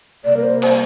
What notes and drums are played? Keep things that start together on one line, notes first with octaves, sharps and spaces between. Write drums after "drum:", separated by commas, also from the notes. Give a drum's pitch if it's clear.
C3 G3 A#3 D5
A#4
C5
C5, drum: cymbal